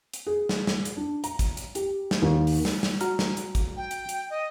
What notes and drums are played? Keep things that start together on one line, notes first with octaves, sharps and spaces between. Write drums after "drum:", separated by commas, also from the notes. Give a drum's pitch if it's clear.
drum: hi-hat
G#4
drum: snare
drum: snare
drum: hi-hat
D4
A#5, drum: hi-hat
drum: kick, hi-hat
drum: hi-hat
G4, drum: hi-hat
drum: snare
D#2
drum: open hi-hat
drum: snare
drum: snare
F#4 A#5 F6, drum: hi-hat
drum: snare
drum: hi-hat
drum: kick, hi-hat
G5
drum: hi-hat
drum: hi-hat
D#5